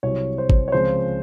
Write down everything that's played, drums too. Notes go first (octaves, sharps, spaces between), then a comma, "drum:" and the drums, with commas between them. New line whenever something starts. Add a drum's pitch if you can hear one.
C2 C3 F#3 C4 C#5
C5
drum: kick G#1
C#5
C#2 C#3 F3 C4 C5